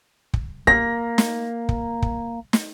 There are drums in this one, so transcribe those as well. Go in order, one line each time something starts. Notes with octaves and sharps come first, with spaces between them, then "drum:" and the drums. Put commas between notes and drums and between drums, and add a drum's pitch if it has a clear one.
drum: kick
A#3 A#6, drum: kick
drum: snare
drum: kick
drum: kick
drum: snare